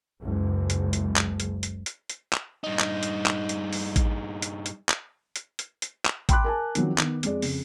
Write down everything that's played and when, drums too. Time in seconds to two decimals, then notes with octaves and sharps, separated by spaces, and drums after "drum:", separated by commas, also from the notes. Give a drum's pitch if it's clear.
0.22 F#1 C#2
0.70 drum: hi-hat
0.93 drum: hi-hat
1.16 drum: clap
1.40 drum: hi-hat
1.63 drum: hi-hat
1.86 drum: hi-hat
2.09 drum: hi-hat
2.33 drum: clap
2.64 G2 D#4
2.79 drum: clap
3.03 drum: hi-hat
3.26 drum: clap
3.49 drum: hi-hat
3.73 drum: open hi-hat
3.96 drum: kick A1, hi-hat
4.42 drum: hi-hat
4.66 drum: hi-hat
4.89 drum: clap
5.36 drum: hi-hat
5.59 drum: hi-hat
5.82 drum: hi-hat
6.05 drum: clap
6.29 G5 B5 C6 D6 F#6, drum: kick A1, hi-hat
6.44 A#4 G#5 A5
6.75 D#3 F3 F#3 C4, drum: hi-hat
6.98 D#3 B3, drum: clap
7.23 F2 G#3 D5, drum: hi-hat
7.42 F2 C#3, drum: open hi-hat